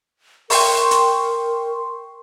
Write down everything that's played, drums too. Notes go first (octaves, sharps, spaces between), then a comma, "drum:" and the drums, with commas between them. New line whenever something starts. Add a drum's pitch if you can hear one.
A#4 G5 C6 C#6, drum: open hi-hat
drum: hi-hat